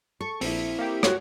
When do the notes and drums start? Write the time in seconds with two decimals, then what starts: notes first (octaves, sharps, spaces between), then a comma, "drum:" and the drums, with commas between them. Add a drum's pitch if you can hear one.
0.21 A4 C#6
0.41 A#1 C4 E4, drum: open hi-hat
0.79 A#3 G4
1.03 F#4 C#5, drum: rim click